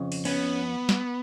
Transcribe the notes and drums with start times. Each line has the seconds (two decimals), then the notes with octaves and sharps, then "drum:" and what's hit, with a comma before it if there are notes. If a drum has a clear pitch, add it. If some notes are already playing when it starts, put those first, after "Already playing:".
Already playing: F2 C#3
0.12 drum: open hi-hat
0.25 B3 C#4, drum: cymbal
0.89 drum: snare